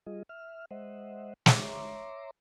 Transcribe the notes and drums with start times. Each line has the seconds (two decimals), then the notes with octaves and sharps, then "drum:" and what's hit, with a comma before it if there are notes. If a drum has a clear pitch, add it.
0.06 G3 F4 G#4 D#5
0.29 E5 F6
0.71 G#3 C5 D#5 E5 F#5
1.46 C#5 E5 A#5 C6 D6, drum: snare